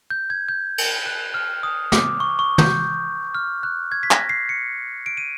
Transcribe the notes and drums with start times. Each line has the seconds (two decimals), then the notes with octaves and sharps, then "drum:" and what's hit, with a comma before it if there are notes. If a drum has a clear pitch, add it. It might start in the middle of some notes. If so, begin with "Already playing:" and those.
0.10 G6
0.30 G#6
0.49 G6
0.78 drum: cymbal
1.06 F#6
1.34 F6
1.63 D#6
1.92 D6, drum: snare
2.20 C#6
2.39 C#6
2.58 G6, drum: tom
3.35 F6
3.63 F#6
3.92 G#6
4.03 B6
4.11 A#6, drum: clap
4.29 C7
4.49 C#7
5.06 D7
5.17 D#7